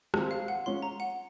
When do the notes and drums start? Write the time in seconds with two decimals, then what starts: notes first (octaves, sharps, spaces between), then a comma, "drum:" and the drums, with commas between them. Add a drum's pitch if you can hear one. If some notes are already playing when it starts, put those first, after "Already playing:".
0.14 D#3 G#3 C4 F4, drum: rim click
0.31 F5
0.48 F#5
0.66 G#3 C#4 F4 C6
0.82 A#5
1.00 F#5